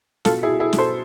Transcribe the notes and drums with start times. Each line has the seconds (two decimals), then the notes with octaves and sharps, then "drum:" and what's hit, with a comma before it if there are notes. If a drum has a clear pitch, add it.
0.25 B2 F4 A4, drum: snare
0.43 E4 G#4
0.48 B2
0.60 E4 G#4
0.73 B2, drum: snare
0.78 A4 C5